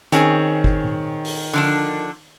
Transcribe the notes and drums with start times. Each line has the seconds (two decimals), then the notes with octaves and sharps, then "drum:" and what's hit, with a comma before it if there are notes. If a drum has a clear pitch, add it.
0.12 D#3 C4 C#4 G#4, drum: hi-hat
0.64 drum: kick
0.84 drum: tom
1.25 drum: open hi-hat
1.53 D3 F3 D4